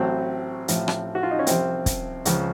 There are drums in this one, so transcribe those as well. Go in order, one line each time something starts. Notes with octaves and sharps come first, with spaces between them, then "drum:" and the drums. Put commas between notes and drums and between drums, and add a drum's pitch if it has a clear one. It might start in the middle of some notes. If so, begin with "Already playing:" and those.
Already playing: A1 A2 F#3 C4
A1 A2 F3, drum: hi-hat
drum: rim click
F#4
F4
D#4
C#4
C2 C3 F3 C4, drum: hi-hat
drum: kick, hi-hat
C#2 C#3 F3, drum: hi-hat